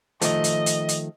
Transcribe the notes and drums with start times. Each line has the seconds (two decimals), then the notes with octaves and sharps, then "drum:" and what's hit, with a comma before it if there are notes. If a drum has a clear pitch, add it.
0.21 D#3 F3 A3 D#5, drum: hi-hat
0.44 drum: hi-hat
0.66 drum: hi-hat
0.89 drum: hi-hat